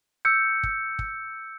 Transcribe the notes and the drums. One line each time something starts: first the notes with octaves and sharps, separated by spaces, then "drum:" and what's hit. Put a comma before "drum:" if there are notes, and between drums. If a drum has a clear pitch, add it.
E6 G6 C#7
drum: kick
drum: kick